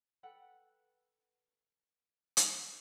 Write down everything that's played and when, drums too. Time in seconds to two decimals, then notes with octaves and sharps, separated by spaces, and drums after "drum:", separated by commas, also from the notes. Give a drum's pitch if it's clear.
0.23 A4 B4 F#5 G5
2.37 drum: hi-hat